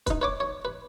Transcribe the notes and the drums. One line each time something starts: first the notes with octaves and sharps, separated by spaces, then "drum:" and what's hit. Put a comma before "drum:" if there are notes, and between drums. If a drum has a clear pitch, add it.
D#4 B4, drum: kick, hi-hat
B4 C#5 D6
C#5
B4